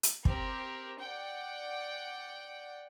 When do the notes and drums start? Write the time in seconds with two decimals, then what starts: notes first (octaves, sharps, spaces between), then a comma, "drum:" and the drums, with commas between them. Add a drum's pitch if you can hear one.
0.03 drum: hi-hat
0.25 C4 G4 A#4, drum: kick
1.00 D5 F#5 G5